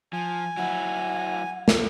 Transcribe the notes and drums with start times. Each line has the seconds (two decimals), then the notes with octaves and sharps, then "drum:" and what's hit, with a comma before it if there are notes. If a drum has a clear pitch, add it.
0.13 F3 G#5
0.57 F#3 E4 F#5
1.68 drum: snare